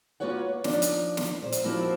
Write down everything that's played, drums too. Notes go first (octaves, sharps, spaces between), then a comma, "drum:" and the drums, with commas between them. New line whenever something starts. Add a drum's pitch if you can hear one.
A#3 F4 F#4 B4 C#5 F#5
F3 A#3 D4 D#4, drum: snare
drum: hi-hat
drum: snare
A#2 C5
drum: hi-hat
D#2 F3 A#3 C4 E4 F#4